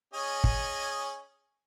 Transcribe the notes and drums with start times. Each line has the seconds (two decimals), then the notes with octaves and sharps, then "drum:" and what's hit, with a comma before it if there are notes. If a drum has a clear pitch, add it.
0.14 C#4 G#4 D#5
0.44 drum: kick